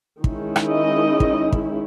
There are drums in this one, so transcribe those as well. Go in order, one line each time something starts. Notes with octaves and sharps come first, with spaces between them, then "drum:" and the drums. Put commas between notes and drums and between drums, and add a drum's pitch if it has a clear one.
D#3 G#3 C#4 E4, drum: kick
drum: rim click
D#5
drum: kick
drum: kick